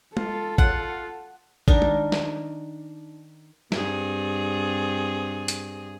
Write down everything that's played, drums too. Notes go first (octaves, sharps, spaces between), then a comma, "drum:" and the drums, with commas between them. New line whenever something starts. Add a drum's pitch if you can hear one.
F4 A4, drum: tom G#3
F4 F#5, drum: kick G#1
D#3 D4 D#4 A#4, drum: kick G#1
drum: tom G#3
drum: snare
G2 C4 G#4, drum: snare
drum: hi-hat